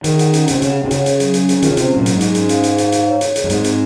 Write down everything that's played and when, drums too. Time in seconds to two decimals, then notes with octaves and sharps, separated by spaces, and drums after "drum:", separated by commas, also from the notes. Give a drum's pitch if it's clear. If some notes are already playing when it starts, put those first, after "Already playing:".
0.04 D#3 G#4, drum: hi-hat
0.19 F#5, drum: hi-hat
0.33 C#4, drum: hi-hat
0.48 C3 F#5, drum: hi-hat
0.62 C#3 G#4, drum: hi-hat
0.77 F#5
0.85 C3
0.91 C#3 C#5, drum: hi-hat
1.06 G#4, drum: hi-hat
1.20 F#3, drum: hi-hat
1.34 C#4, drum: hi-hat
1.49 G#4, drum: hi-hat
1.62 D#3 F4, drum: hi-hat
1.70 C#3
1.77 C3 C#4, drum: hi-hat
1.91 F#3
1.97 A#2
2.06 F#3, drum: hi-hat
2.15 G#2
2.21 G#4, drum: hi-hat
2.35 C#4, drum: hi-hat
2.49 F5, drum: hi-hat
2.63 G#4, drum: hi-hat
2.78 F5, drum: hi-hat
2.92 F5, drum: hi-hat
3.07 C#5
3.21 C#5, drum: hi-hat
3.36 G#4, drum: hi-hat
3.44 F#2
3.50 G#2 C4, drum: hi-hat
3.64 C4, drum: hi-hat